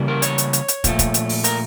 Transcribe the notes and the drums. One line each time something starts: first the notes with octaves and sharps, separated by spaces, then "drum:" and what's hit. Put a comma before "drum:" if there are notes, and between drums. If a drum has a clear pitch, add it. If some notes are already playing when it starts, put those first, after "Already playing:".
Already playing: C#3 E3 G3 A#3
A#4
C#5, drum: hi-hat
drum: hi-hat
drum: hi-hat
drum: hi-hat
A#2 F3 A3, drum: kick, hi-hat
drum: kick, hi-hat
drum: hi-hat
drum: open hi-hat
A#4, drum: hi-hat